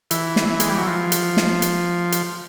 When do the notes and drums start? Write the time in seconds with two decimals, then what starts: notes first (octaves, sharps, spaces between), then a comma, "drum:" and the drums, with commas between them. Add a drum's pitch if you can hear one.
0.11 E3, drum: hi-hat
0.36 drum: snare
0.49 E3
0.60 G#3, drum: hi-hat
0.69 G3
0.78 F#3
0.86 F3
1.12 drum: hi-hat
1.37 drum: snare
1.62 drum: hi-hat
2.12 drum: hi-hat